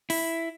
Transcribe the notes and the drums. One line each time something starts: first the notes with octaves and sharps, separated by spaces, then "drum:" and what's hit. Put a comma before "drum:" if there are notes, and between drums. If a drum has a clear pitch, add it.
E4, drum: open hi-hat